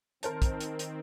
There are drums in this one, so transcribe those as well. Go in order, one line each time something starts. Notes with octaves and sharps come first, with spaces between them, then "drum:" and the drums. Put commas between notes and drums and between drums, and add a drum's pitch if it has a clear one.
D#3 C4 A#4 C5 A5, drum: hi-hat
drum: kick, hi-hat
drum: hi-hat
drum: hi-hat